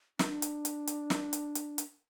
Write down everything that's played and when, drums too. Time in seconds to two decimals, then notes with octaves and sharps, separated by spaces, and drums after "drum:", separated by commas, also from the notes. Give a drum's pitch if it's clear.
0.19 D4, drum: snare
0.42 drum: hi-hat
0.65 drum: hi-hat
0.87 drum: hi-hat
1.10 drum: snare
1.33 drum: hi-hat
1.55 drum: hi-hat
1.78 drum: hi-hat